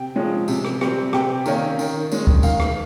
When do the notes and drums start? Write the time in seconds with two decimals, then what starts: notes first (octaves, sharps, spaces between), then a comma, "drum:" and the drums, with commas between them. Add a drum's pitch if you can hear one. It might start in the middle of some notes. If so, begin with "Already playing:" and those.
Already playing: C3 G5
0.16 F3 G#3 C#4
0.48 C3, drum: tambourine
0.65 drum: rim click
0.81 G3 C4, drum: rim click
1.13 C3 G5, drum: rim click
1.46 D#3 A#3 C#4, drum: tambourine
1.79 D#3, drum: tambourine
2.12 G#3 C#4, drum: tambourine
2.27 drum: kick
2.43 D#3 F5, drum: tambourine
2.60 drum: rim click